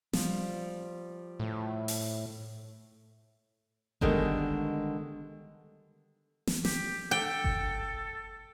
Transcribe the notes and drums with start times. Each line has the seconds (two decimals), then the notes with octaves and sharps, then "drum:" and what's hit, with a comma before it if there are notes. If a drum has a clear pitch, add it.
0.13 F3 G3, drum: snare
1.40 A2
1.88 drum: open hi-hat
4.01 D3 D#3 G3 G#3 B3, drum: kick G1
6.47 drum: snare
6.65 G4, drum: snare
7.11 A4 G5
7.44 drum: kick G1